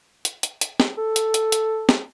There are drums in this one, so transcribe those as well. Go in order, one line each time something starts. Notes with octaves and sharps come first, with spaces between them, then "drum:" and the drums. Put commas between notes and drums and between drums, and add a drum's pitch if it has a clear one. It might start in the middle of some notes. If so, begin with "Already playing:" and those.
drum: hi-hat
drum: hi-hat
drum: hi-hat
drum: snare
A4
drum: hi-hat
drum: hi-hat
drum: hi-hat
drum: snare